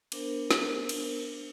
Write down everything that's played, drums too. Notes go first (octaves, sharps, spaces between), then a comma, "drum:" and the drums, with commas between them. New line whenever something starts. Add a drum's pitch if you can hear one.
B3 D4 A#4 C5, drum: cymbal
drum: snare
drum: cymbal